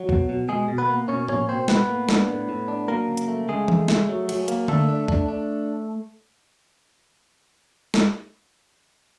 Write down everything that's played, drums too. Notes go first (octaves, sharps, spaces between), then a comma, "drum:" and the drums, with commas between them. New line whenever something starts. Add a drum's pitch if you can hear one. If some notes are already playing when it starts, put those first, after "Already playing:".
Already playing: F#3
B2, drum: kick C2
B2
B2 G#3 G#4
B2
B3 B4
A#3
B2 C#4 C#5
A#3 C#4 C#5, drum: tom A2
B2 C4 C5
A2 B3 B4, drum: snare
A#3
D4, drum: snare
A2
A2
D4
F#3 A#3 A#4
C#3
drum: hi-hat
A3
C#3 G#3 G#4
A3, drum: tom E3
A3, drum: snare
F#3
F#3, drum: cymbal
A#3, drum: hi-hat
A3 D4 A4, drum: tom D3
D4
D4, drum: kick C2
D4
drum: snare